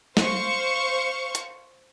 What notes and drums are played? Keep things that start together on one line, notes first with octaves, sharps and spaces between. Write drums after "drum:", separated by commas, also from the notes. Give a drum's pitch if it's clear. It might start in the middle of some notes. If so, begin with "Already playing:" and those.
C5 F5 C#6, drum: snare
drum: hi-hat